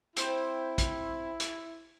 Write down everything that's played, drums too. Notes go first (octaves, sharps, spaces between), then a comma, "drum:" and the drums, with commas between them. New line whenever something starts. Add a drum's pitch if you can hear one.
C4 E4 G4 C5, drum: hi-hat
drum: kick A#1, hi-hat
drum: hi-hat